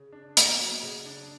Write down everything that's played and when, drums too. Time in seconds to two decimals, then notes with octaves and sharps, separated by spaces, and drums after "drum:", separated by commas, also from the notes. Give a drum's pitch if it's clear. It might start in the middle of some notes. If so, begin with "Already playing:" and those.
Already playing: C#3
0.13 D4
0.37 A#3, drum: hi-hat
0.60 F#3
0.83 C#3
1.06 D4